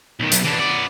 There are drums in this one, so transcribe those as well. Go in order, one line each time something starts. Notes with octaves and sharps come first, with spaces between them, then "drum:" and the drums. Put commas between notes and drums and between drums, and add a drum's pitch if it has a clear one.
B1 D#3
B1, drum: hi-hat
E3 D4
B3 D5